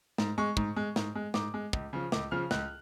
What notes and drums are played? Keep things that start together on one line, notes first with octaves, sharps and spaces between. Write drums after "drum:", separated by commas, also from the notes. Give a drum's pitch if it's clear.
G#2, drum: snare
G#3 C#6
G#2, drum: kick
G#3
G#2, drum: snare
G#3
G#2 D6, drum: snare
G#3
C#2, drum: kick
C#3 F3
C#2 D6, drum: snare
C#3 F3 F6
C#2 F#6, drum: snare